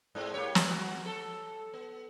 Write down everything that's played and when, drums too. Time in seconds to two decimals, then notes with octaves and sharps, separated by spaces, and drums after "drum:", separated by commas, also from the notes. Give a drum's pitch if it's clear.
0.15 G#2 G#3 C4
0.34 A#3 G4 C#5
0.55 drum: snare
0.71 F#4
1.06 A4
1.74 B3